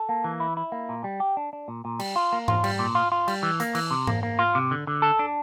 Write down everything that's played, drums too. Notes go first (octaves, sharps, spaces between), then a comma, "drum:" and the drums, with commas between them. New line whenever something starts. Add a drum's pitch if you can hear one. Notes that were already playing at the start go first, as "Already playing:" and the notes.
Already playing: A4
A#3
E3
E4
E4
A#3
A#2
G3
G4
D4
D4
A#2
A#2
G3, drum: cymbal
F4
A#3
F4, drum: tom G#2
G3, drum: cymbal
A#2
F4
F4
G3, drum: cymbal
E3
A#3, drum: hi-hat
E3, drum: cymbal
C3
A#3, drum: tom G#2
A#3
F4
C3
D3
D3
A4
D4